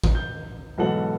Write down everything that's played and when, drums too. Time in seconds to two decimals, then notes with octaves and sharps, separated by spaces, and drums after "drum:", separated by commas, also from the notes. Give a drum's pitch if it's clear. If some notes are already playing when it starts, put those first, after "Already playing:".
0.04 drum: kick
0.15 G6
0.78 B1 G#2 E3 A4 F#5 F#7